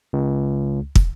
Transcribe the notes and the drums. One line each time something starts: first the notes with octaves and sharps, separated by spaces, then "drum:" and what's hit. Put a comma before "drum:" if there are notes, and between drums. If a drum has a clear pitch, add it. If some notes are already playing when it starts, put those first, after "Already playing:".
C#2
drum: kick